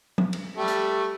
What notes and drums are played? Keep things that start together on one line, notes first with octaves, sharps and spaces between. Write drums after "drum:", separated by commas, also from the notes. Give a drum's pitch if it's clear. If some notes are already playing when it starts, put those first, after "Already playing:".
drum: tom F3
drum: cymbal
G3 A3
drum: hi-hat